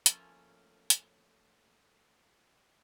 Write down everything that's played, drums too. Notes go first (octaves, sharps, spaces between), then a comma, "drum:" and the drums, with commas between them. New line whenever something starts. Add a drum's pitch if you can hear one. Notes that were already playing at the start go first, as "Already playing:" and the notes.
F3 A3 A#3 C#4 F4, drum: hi-hat
drum: hi-hat